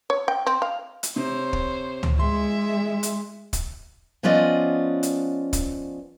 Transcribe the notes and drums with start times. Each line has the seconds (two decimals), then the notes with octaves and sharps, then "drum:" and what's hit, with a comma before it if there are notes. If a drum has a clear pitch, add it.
0.10 C#5
0.28 G5
0.46 C4
0.62 F5
1.03 drum: hi-hat
1.16 C3 C5 C#5
1.53 drum: kick
2.03 drum: tom C#2
2.19 G#3 E5 C6
3.03 drum: hi-hat
3.53 drum: kick, hi-hat
4.23 F3 B3 C#4 F4 D5 D#5
5.03 drum: hi-hat
5.53 drum: kick, hi-hat